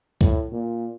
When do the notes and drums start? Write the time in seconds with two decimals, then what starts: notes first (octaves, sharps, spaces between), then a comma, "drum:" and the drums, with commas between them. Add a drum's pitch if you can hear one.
0.21 A2, drum: kick
0.52 A#2